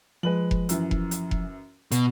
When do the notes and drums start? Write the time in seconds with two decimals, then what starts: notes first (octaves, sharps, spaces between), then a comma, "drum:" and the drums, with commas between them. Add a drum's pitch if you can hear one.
0.23 F3 G#3 B4 F#7
0.51 drum: kick F1
0.69 F#2 E3, drum: hi-hat
0.91 drum: kick F1
1.11 drum: hi-hat
1.31 drum: kick F1
1.92 B2, drum: hi-hat